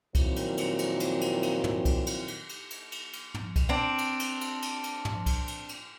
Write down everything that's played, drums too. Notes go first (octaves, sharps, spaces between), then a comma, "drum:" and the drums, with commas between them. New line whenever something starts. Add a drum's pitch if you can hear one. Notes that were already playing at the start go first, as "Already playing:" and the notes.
F2 A#2 D#3 F#3 C4 E4, drum: kick C2, cymbal
drum: cymbal
drum: cymbal
drum: cymbal
drum: cymbal
drum: cymbal
drum: cymbal
drum: tom
drum: kick C2, cymbal
drum: cymbal
drum: cymbal
drum: cymbal
drum: cymbal
drum: cymbal
drum: cymbal
drum: tom G#2
drum: kick C2, cymbal
C4 D4
drum: cymbal
drum: cymbal
drum: cymbal
drum: cymbal
drum: cymbal
drum: tom
drum: kick C2, cymbal
drum: cymbal
drum: cymbal